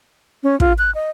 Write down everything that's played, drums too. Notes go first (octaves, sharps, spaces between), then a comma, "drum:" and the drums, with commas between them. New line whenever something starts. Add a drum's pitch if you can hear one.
C#4
F4, drum: kick
F#6
D#5